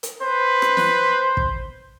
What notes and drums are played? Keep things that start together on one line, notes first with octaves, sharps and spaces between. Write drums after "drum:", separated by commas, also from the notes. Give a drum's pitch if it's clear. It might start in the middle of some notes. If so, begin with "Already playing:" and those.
drum: hi-hat
B4 C5
drum: rim click
drum: snare
drum: kick